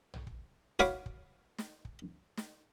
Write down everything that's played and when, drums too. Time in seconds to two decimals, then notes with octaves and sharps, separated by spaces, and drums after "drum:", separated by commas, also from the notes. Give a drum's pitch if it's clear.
0.14 drum: tom A#1
0.27 drum: kick
0.79 F#4 C#5 F5 B5 D6, drum: snare
1.06 drum: kick
1.58 drum: snare
1.85 drum: kick
2.37 drum: snare